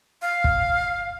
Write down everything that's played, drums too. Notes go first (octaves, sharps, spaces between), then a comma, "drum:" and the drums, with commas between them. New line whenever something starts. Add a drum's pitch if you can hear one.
F5
drum: kick